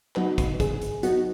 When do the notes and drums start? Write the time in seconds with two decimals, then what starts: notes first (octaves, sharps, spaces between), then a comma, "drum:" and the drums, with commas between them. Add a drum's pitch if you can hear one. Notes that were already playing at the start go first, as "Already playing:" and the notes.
0.16 F#3 B3 D#4 F#4 B4, drum: clap
0.38 drum: kick, hi-hat
0.60 G#4, drum: kick, hi-hat
0.82 drum: hi-hat
1.03 F#3 B3 D#4 F#4, drum: hi-hat